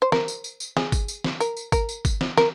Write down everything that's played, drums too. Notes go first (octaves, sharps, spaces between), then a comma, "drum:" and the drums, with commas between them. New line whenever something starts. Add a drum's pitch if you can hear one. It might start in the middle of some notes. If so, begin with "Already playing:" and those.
C5
A#4, drum: snare
drum: tambourine
drum: tambourine
drum: tambourine
G#4, drum: snare
drum: kick, tambourine
drum: tambourine
drum: snare
A#4, drum: tambourine
drum: tambourine
A#4, drum: kick, tambourine
drum: tambourine
drum: kick, tambourine
drum: snare
A#4, drum: snare